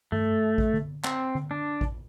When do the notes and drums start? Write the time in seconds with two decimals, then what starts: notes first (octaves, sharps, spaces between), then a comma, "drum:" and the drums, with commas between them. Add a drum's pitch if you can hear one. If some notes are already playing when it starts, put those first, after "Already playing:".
0.12 A3, drum: tom G2
0.58 drum: kick A1
0.74 drum: tom D3
1.04 C4, drum: clap
1.35 drum: tom D3
1.51 D4
1.81 drum: kick A1